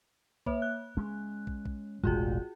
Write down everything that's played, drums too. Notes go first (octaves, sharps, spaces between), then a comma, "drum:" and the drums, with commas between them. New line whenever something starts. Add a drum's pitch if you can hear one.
A#3 C#5 E5, drum: kick
F#6
G#3 C#4
drum: kick
drum: kick
E1 A1 G#3 F4 F#4 G#4